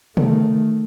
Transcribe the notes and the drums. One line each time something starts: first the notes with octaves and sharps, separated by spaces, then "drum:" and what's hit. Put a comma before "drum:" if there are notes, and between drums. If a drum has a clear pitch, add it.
D#3 A3, drum: tom C3